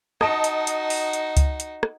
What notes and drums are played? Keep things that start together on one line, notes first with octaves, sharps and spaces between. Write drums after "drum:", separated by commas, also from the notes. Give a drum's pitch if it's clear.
D#4 F#4 D#5 A5, drum: rim click
drum: hi-hat
drum: hi-hat
drum: open hi-hat
drum: hi-hat
drum: kick C#2, hi-hat
drum: hi-hat
drum: rim click